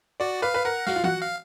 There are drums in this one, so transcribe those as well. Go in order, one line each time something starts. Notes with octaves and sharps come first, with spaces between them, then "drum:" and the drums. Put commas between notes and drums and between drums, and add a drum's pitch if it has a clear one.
F#4 D5
B4 F5
B4
A#4 F#5
F#4 F5, drum: snare
F4
F#4 F#5, drum: tom E3
F5